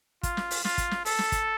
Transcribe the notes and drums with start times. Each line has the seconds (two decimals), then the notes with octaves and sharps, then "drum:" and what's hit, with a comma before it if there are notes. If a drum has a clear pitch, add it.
0.23 F4, drum: kick, hi-hat
0.37 drum: snare
0.51 drum: open hi-hat
0.65 F4, drum: snare
0.78 drum: kick, hi-hat
0.91 drum: snare
1.05 A4, drum: open hi-hat
1.19 drum: snare
1.32 drum: kick, hi-hat